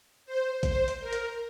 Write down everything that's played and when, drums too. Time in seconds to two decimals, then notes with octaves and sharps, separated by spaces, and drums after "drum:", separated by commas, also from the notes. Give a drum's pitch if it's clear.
0.26 C5
0.63 C5, drum: kick, hi-hat
0.88 drum: hi-hat
1.00 A#4
1.13 drum: hi-hat